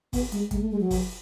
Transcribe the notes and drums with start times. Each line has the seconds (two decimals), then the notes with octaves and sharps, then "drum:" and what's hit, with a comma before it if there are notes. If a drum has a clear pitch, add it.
0.13 B3, drum: kick, open hi-hat
0.32 G#3, drum: hi-hat
0.51 G#3, drum: kick, hi-hat
0.61 A3
0.71 G#3
0.80 F#3
0.91 drum: kick, open hi-hat